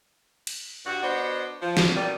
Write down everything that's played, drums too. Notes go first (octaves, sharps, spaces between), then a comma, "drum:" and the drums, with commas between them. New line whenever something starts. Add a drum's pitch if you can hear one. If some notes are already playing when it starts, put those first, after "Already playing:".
drum: cymbal
G2 F#4
B3 D4 F#4 C5 D#5
F3
drum: snare
B2 D#3 G3 D5